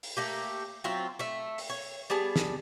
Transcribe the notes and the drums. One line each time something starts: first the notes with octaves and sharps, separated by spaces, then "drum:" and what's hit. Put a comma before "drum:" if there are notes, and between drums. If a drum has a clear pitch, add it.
drum: open hi-hat
A3 A#3 G4
F#3 C4 F4 E5
A3 E5
drum: open hi-hat
C#5
G3 B3 G#4 A5
drum: snare